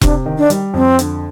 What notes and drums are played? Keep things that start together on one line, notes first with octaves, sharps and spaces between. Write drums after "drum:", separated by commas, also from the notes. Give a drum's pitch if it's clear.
C3 D4, drum: kick E1, hi-hat
D#3
D4
G3, drum: hi-hat
F2 C4
D3, drum: hi-hat